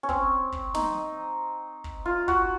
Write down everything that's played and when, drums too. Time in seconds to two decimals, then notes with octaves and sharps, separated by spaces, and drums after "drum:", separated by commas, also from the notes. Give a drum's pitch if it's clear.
0.03 C#4
0.09 C4, drum: kick
0.52 drum: kick
0.74 D#4, drum: snare
1.84 drum: kick
2.06 F4
2.28 F#4, drum: kick